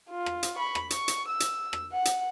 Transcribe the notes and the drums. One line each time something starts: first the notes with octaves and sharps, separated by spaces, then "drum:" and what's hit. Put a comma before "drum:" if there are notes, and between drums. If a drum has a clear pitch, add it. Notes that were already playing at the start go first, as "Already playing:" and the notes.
F4
drum: rim click
drum: hi-hat
B5 C#6
drum: rim click
C#6, drum: hi-hat
drum: hi-hat
E6
drum: hi-hat
drum: rim click
F#5
drum: hi-hat